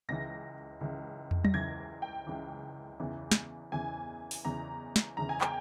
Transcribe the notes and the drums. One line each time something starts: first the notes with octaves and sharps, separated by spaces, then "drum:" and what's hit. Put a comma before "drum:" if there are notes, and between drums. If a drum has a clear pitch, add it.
C#2 C#3 E3 A#6
C#2 C#3 E3
drum: tom
A#6, drum: tom
C#2 C#3 E3 G#6
G5
C#2 C#3 E3
E2 C#3 E3
drum: snare
E2 C#3 E3 G#5
drum: open hi-hat
E2 C#3 E3 A#5
drum: snare
E2 C#3 E3 A#5
G#5
G5, drum: clap